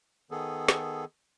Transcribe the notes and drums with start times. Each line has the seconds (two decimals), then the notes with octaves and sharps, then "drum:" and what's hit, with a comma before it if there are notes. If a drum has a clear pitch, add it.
0.31 D#3 B3 G#4 A4
0.68 drum: snare